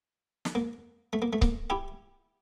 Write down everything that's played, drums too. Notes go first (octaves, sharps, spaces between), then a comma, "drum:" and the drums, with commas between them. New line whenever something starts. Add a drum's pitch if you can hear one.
drum: snare
A#3
A3
A#3
A3
A#3, drum: kick C#1
E4 G4